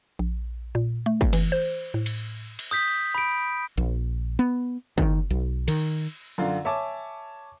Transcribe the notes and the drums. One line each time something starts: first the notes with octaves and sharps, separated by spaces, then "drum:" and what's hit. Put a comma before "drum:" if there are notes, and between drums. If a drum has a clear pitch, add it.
A#1
A#2
A3
drum: kick
E3, drum: cymbal
C5
A2
drum: cymbal
drum: cymbal
D#6 G6 B6
B5 D7
A#1
B3
D#3, drum: kick
B1
D#3, drum: cymbal
F#2 D3 F4
C#5 E5 G#5 A5 D6